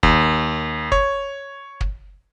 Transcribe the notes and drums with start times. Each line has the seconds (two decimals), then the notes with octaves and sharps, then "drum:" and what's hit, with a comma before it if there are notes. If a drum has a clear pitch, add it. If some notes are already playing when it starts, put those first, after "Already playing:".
0.03 D#2, drum: kick
0.92 C#5, drum: kick
1.81 drum: kick